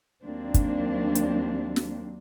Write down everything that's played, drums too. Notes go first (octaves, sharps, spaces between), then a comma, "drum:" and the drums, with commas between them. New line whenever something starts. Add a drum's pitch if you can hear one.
D#2 F#3 A#3 C4 D4
drum: kick, hi-hat
drum: hi-hat
drum: snare